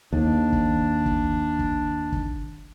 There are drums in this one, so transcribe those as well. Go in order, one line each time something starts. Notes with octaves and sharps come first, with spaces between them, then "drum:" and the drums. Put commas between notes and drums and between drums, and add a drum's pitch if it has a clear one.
D#2 D4
drum: kick
drum: kick
drum: kick
drum: kick